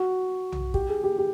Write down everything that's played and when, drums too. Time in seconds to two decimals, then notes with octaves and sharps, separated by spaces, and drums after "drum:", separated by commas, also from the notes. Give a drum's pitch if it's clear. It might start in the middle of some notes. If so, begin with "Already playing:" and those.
Already playing: F#4
0.52 drum: tom B1
0.74 G4, drum: kick
0.89 G#4
1.04 G4
1.18 G4